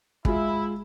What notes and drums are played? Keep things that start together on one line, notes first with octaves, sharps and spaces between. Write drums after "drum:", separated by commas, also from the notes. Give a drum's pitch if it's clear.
G#3 E4 F4, drum: kick